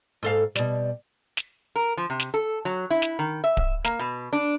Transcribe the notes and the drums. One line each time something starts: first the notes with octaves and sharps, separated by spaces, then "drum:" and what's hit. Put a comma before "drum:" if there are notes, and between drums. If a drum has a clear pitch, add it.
G#2 A4 F5
B2 G3, drum: snare
drum: snare
A#4
F3
C3
drum: snare
A4
F#3
E4
drum: snare
D#3
E5
drum: kick D1
A#3, drum: snare
B2
D4